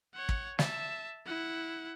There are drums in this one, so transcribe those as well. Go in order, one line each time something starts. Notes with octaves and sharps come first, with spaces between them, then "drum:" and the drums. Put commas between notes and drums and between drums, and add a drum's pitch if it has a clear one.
C#5 F#5
drum: kick
E5 A5, drum: snare
E4 F#5